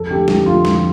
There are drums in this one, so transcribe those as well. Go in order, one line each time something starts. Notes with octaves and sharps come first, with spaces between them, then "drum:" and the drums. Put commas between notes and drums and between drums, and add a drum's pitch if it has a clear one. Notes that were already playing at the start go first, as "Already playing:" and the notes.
Already playing: F2 A4
D3 A3 G4
F2 G4, drum: snare
D3 A3 F4
F2, drum: snare